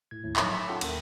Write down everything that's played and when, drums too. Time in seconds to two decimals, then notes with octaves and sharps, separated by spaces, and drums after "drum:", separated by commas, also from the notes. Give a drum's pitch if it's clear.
0.11 A2 G#6
0.24 G#1 D#2 A2
0.36 F3 F#3 D#4 C#5 E5, drum: clap
0.53 E5 B5 D6
0.67 C#4 F4 A4 F#5 G5 A5
0.81 D#2 A#4, drum: cymbal